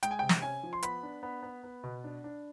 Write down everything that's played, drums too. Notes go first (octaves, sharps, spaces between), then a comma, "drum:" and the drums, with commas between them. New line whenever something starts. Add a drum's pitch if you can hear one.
G#3 G5, drum: hi-hat
G#5
C3 G5
drum: snare
C#4 G#5
F3
C6
B3 B5, drum: hi-hat
D4
B3
B3
B3
B2
D4
D4